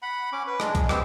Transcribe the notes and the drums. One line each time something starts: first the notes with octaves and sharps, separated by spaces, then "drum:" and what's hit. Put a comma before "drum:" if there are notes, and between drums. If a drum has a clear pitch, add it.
F#5 B5
C#4 D6
B4
G#3 D4, drum: rim click
G#4, drum: kick, hi-hat
B3 C4 G4 C5, drum: rim click